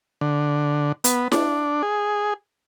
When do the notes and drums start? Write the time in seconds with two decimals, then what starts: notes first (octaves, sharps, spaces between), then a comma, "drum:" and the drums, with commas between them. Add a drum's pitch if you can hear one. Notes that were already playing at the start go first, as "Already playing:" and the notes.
0.21 D3
1.04 B3, drum: hi-hat
1.32 D4, drum: snare E4
1.83 G#4